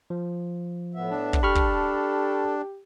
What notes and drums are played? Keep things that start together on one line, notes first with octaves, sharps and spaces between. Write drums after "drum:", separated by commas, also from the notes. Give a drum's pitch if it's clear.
F3
A2 B3 E5
D4
drum: kick
G4 A4 B5 C#6 F6
drum: kick